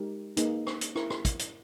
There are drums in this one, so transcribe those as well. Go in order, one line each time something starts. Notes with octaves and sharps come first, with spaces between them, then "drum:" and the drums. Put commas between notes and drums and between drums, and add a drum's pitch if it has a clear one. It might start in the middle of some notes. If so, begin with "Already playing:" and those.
Already playing: G#3 D#4 G4 A#4
A#3 D#4 G#4 B4, drum: hi-hat
drum: rim click
drum: hi-hat
E4 A#4, drum: rim click
drum: rim click
drum: kick, hi-hat
drum: hi-hat